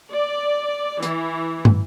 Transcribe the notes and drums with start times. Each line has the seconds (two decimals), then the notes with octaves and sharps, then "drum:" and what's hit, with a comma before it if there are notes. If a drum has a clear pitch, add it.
0.11 D5
1.03 E3, drum: hi-hat
1.65 drum: tom